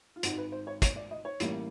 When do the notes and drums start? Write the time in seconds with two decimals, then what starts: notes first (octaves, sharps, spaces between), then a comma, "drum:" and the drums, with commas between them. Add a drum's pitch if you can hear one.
0.16 F4
0.23 G#1 G#2 D#3 F#4, drum: hi-hat
0.38 B4
0.52 C5
0.67 C#5
0.82 C#5, drum: kick, hi-hat
0.96 D5
1.11 D#5
1.25 C#5
1.40 A1 A2 E3 G3 A#3, drum: hi-hat